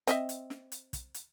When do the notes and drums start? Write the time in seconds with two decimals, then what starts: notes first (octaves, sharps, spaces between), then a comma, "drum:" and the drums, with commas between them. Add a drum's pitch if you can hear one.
0.07 C4 D#5 E5, drum: hi-hat
0.29 drum: hi-hat
0.50 drum: snare
0.72 drum: hi-hat
0.93 drum: kick, hi-hat
1.14 drum: hi-hat